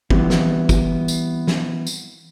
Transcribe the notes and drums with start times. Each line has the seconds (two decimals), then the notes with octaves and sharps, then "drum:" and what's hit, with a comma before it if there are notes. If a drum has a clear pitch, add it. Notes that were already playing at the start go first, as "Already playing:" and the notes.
0.10 E3 G3 B3 C4 E4, drum: kick
0.30 drum: snare
0.69 drum: kick, tambourine
1.08 drum: tambourine
1.47 drum: snare
1.87 drum: tambourine